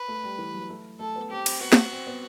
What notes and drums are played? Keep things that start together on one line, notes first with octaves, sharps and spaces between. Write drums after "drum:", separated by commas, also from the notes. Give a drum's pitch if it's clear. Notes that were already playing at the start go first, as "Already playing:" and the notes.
Already playing: B4
A3
G3
E3
F#3
A3
A3 A4
B3
C4 G4
C4, drum: cymbal
B3 F#4
drum: snare
C4
B3